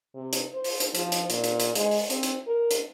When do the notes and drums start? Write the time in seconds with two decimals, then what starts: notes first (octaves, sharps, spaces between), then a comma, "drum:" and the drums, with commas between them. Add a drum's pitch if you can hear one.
0.15 C3
0.33 drum: hi-hat
0.54 C5
0.64 drum: open hi-hat
0.80 drum: hi-hat
0.95 F3, drum: hi-hat
1.12 drum: hi-hat
1.30 A#2, drum: hi-hat
1.44 drum: hi-hat
1.60 drum: hi-hat
1.75 G#3, drum: hi-hat
1.91 drum: open hi-hat
2.10 C4, drum: hi-hat
2.23 drum: hi-hat
2.47 A#4
2.71 drum: hi-hat